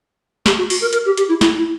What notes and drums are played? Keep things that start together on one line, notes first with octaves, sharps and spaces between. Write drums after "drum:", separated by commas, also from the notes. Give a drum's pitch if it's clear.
G4, drum: snare
F#4
F#4, drum: open hi-hat
A#4
A#4, drum: hi-hat
G4
G4, drum: hi-hat
E4
E4, drum: snare
E4